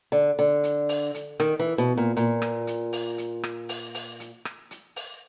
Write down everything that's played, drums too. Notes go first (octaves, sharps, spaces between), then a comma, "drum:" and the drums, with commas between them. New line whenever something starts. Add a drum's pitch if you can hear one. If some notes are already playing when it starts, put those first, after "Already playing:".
D3
D3
drum: hi-hat
drum: open hi-hat
drum: hi-hat
D#3, drum: rim click
E3
B2
A#2
A#2, drum: hi-hat
drum: rim click
drum: hi-hat
drum: open hi-hat
drum: hi-hat
drum: rim click
drum: open hi-hat
drum: open hi-hat
drum: hi-hat
drum: rim click
drum: hi-hat
drum: open hi-hat